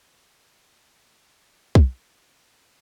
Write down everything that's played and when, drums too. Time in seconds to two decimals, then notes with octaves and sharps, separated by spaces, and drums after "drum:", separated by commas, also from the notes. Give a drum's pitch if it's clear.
0.11 F#3 G3 C#4 B4 A#5 D6
1.75 drum: kick